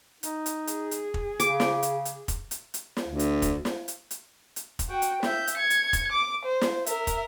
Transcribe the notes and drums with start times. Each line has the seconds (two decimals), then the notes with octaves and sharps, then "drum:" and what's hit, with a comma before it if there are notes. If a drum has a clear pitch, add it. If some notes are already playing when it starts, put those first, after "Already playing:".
0.23 D#4, drum: hi-hat
0.46 drum: hi-hat
0.67 G#4, drum: hi-hat
0.91 drum: hi-hat
1.14 drum: kick
1.40 C#3 D6, drum: hi-hat
1.60 drum: snare
1.83 drum: hi-hat
2.05 drum: hi-hat
2.28 drum: kick, hi-hat
2.51 drum: hi-hat
2.74 drum: hi-hat
2.97 drum: snare
3.08 D2
3.19 drum: hi-hat
3.42 drum: kick, hi-hat
3.65 drum: snare
3.88 drum: hi-hat
4.11 drum: hi-hat
4.56 drum: hi-hat
4.79 drum: kick, hi-hat
4.89 F#4 G5
5.02 drum: hi-hat
5.23 E5 G6, drum: snare
5.47 drum: hi-hat
5.58 G#6 C#7
5.70 drum: hi-hat
5.93 drum: kick, hi-hat
6.12 D6
6.45 C5
6.61 drum: snare
6.86 A#4 E5, drum: hi-hat
7.07 drum: kick, hi-hat